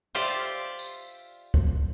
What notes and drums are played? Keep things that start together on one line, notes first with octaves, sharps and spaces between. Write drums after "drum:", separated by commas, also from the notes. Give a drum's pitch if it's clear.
F4 G4 C5 D5 E5 F5, drum: tambourine
drum: tambourine
drum: kick